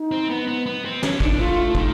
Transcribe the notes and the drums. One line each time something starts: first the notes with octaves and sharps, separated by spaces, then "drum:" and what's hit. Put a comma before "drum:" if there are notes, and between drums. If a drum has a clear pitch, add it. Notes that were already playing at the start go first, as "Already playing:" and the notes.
Already playing: D#4
C4
B3
B3
B3
C4
C#4, drum: snare
D4 D#4, drum: kick
E4
A3 F4
D#3, drum: kick